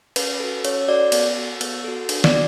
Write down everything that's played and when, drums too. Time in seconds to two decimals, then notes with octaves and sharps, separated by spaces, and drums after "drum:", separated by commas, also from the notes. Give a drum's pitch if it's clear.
0.16 C#4 B4, drum: cymbal
0.40 F#4 A4
0.65 C#4 C#5, drum: cymbal
0.88 F#4 A4 D5
1.12 B3, drum: cymbal
1.37 F#4 A4
1.61 B3, drum: cymbal
1.84 F#4 A4
2.09 D4, drum: cymbal
2.24 D5, drum: snare
2.32 F#4